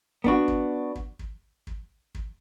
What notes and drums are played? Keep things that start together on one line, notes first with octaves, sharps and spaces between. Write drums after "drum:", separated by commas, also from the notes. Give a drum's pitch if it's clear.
B3 D4 F#4, drum: kick
drum: kick
drum: kick
drum: kick
drum: kick
drum: kick